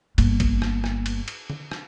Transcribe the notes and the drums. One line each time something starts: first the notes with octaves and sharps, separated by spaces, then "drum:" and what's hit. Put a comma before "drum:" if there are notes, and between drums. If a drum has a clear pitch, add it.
G1 A#3, drum: cymbal
drum: kick A1, cymbal
drum: rim click
drum: rim click
drum: cymbal
drum: cymbal
drum: tom D3
drum: rim click